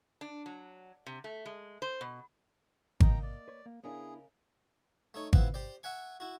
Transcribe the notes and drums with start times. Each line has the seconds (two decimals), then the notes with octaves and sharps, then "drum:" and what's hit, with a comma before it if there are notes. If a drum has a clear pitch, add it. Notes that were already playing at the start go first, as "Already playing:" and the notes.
0.21 D4
0.46 F#3
1.06 C3
1.24 A3
1.46 G#3
1.82 C5
2.01 B2
3.00 A#3 D#4 D#5 G5 A#5, drum: kick G#1
3.23 D5
3.48 B4 C#5
3.66 A#3
3.84 C#3 B3 D4 E4 G#4 A#4 D#5
5.14 A3 D#4 C#5
5.33 B3 C4 E4 F4 B4, drum: kick G#1
5.54 G4 C5 D5
5.83 E5 F#5 G#5 C#6
6.20 E4 F#4